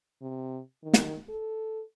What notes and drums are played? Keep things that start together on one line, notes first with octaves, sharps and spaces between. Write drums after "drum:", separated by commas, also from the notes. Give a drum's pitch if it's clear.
C3
D#3
drum: snare
A4